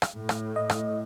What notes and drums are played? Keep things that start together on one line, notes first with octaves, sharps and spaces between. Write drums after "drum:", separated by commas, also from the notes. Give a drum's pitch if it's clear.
drum: rim click
A2
drum: rim click
D#5
drum: rim click